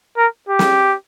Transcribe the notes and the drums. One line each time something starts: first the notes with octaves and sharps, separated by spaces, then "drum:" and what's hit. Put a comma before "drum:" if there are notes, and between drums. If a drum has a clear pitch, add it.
A#4
G4
drum: snare